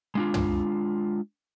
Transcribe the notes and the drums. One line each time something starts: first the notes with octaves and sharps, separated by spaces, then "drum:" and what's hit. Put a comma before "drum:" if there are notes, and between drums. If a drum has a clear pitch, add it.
G#3 D4 F4
drum: tom